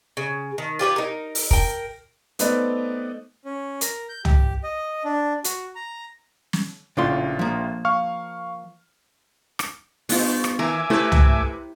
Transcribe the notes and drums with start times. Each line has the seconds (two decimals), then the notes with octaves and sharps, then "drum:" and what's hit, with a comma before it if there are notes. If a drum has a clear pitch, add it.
0.17 C#3
0.58 D#3
0.79 F4 G4 B4 C#5
0.96 D#4 A#4
1.35 drum: open hi-hat
1.51 A#4 G5, drum: kick
2.39 A3 B3 C4 D#4 B4 D5, drum: hi-hat
3.45 C#4
3.81 A#4, drum: hi-hat
4.09 G6
4.25 G4, drum: tom
4.64 D#5
5.05 D4
5.44 F#4, drum: hi-hat
5.75 A#5
6.53 drum: snare
6.97 A#1 A2 C#3 F4 D5 C6
7.39 F3 A#3
7.85 F5 C#6 F6
9.59 drum: rim click
10.09 G2 B3 F4, drum: open hi-hat
10.44 drum: rim click
10.59 D#3 A#4 E5 G#5 D6
10.90 C3 A3 E4 G4 B4
11.12 drum: tom